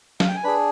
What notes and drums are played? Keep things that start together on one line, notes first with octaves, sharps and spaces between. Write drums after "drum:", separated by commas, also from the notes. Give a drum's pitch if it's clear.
F5, drum: snare
G5
G#5
D4 G#4 B4 B5